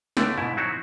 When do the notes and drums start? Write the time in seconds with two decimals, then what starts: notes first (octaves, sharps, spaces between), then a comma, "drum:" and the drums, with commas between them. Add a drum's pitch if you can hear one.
0.17 C#2 D3 A3 D5, drum: snare
0.38 G#2 B2 E4
0.57 F#3 C4 D#4 E4 F#4